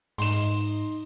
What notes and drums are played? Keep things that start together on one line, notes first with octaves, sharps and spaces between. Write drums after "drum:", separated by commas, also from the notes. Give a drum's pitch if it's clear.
G#2 D#4 C6 E7, drum: open hi-hat